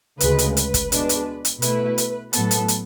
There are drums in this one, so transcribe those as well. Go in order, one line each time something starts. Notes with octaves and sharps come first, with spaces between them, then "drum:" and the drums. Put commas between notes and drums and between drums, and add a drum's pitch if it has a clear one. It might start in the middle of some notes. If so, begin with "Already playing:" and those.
D2 C#3 G#3 B4, drum: hi-hat
drum: hi-hat
B4, drum: hi-hat
drum: kick, hi-hat
B2 G#3 D4, drum: hi-hat
drum: hi-hat
drum: hi-hat
B2 A3 E4 B4, drum: hi-hat
drum: hi-hat
A2 F#3 B3 A4, drum: hi-hat
drum: hi-hat
drum: hi-hat